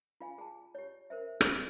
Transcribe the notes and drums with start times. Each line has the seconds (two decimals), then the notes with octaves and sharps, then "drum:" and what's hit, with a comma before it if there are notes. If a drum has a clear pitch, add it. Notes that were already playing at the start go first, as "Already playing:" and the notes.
0.21 F4 F5 G#5
0.38 G#4 A5
0.75 G4 C#5
1.10 A#4 C5 E5
1.41 D4 B4 G5, drum: rim click